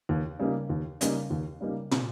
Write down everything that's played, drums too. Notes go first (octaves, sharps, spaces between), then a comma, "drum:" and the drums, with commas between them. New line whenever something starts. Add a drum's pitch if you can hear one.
D#2
C#3 G3 A#3 D#4
D#2
C#3 G3 A#3 D#4, drum: hi-hat
D#2
C#3 G3 A#3 D#4
C3, drum: tom